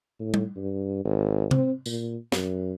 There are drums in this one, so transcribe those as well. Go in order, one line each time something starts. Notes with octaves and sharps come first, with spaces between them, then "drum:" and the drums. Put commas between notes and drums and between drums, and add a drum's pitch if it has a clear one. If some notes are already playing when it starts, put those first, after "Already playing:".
A2
drum: tom G3
G2
G#1
C4, drum: tom C3
A#2, drum: tambourine
F#2, drum: snare